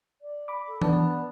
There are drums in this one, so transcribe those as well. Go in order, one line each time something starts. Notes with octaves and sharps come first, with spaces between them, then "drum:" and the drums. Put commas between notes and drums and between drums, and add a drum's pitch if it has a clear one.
D5
B5 D6
A4
B3 D4 D5 A5, drum: tom E3